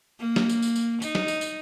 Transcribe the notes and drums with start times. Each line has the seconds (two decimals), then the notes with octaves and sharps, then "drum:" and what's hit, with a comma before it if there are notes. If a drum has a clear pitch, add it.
0.19 A#3
0.36 drum: snare
0.49 drum: tambourine
0.62 drum: tambourine
0.76 drum: tambourine
1.02 D#4, drum: tambourine
1.15 drum: snare
1.28 drum: tambourine
1.41 drum: tambourine